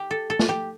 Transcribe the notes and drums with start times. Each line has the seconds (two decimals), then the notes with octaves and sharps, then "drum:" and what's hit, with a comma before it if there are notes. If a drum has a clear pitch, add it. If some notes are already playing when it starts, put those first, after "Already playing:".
Already playing: G4
0.11 A4
0.30 A4
0.39 drum: snare
0.49 G4